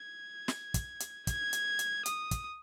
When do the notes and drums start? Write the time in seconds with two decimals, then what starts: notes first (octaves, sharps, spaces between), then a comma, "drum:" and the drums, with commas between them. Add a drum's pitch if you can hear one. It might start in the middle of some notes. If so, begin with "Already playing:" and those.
Already playing: G#6
0.48 drum: snare
0.74 drum: kick, hi-hat
1.00 drum: hi-hat
1.27 G#6, drum: kick, hi-hat
1.53 drum: hi-hat
1.79 drum: hi-hat
2.06 D#6, drum: hi-hat
2.31 drum: kick, hi-hat